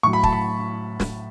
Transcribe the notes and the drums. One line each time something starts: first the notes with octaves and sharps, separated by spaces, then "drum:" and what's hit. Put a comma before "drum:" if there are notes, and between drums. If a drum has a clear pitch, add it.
A2 F#3 C#6
B5
A5, drum: kick
B5
drum: snare